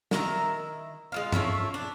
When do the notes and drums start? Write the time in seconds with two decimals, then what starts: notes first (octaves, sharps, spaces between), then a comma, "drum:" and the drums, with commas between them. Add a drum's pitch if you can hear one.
0.11 D#3 E4 F#4 A#5, drum: snare
1.12 G#3 F4 F5
1.32 A3 C#4 E4 F4, drum: tom G2
1.74 D4